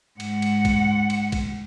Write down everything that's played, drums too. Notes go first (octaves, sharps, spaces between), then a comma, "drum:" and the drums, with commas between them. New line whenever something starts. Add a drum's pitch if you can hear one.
G#2 F#5, drum: cymbal
drum: cymbal
drum: kick, cymbal
drum: cymbal
drum: kick, cymbal